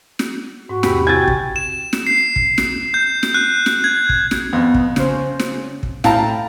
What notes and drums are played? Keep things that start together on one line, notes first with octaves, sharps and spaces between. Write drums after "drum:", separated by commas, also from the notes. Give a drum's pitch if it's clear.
drum: snare
G#2 F#4 C#6
E2 C3 G4 B5, drum: snare
C3 C4 E4 F#4 G5 G#5 G#6 A6
drum: kick
E7
drum: snare
C7
drum: kick
drum: snare
G6
drum: snare
F#6
drum: snare
G#6
drum: kick
drum: snare
F2 B3
drum: kick
C#3 C#4 C5, drum: snare
drum: snare
drum: kick
A2 E4 F5 G5 A5 A#5, drum: snare